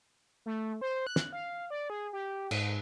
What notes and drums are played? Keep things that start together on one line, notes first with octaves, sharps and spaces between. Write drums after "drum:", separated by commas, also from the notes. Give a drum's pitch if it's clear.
A3
C5
F#6
drum: snare
F5
D5
G#4
G4
G#2, drum: cymbal